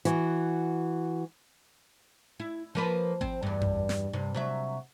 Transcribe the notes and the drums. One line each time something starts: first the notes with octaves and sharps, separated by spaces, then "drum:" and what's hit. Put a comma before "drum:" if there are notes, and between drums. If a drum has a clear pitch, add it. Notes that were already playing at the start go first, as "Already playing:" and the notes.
E3 F#4, drum: hi-hat
E4
F3 A#3 B4
C4, drum: kick G#1
E2 G2
drum: tom F2
drum: snare
G2 C3
C3 F#3 E5